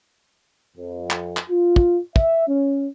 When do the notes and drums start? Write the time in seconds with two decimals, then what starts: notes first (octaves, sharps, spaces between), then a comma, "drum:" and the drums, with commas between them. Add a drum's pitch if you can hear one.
0.76 F2
1.11 drum: clap
1.37 drum: clap
1.50 F4
1.76 drum: kick
2.16 E5, drum: kick
2.47 C#4